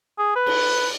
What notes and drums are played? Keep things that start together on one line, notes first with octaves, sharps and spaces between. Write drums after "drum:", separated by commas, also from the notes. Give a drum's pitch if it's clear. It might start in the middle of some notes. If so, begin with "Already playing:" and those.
G#4
B4
drum: cymbal